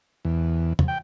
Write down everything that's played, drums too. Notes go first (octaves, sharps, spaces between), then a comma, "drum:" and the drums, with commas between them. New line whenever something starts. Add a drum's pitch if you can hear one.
E2
drum: tom
G5